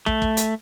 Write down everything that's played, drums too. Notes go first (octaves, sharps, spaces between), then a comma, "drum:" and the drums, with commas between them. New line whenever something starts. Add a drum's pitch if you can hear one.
A3, drum: kick
drum: kick
drum: hi-hat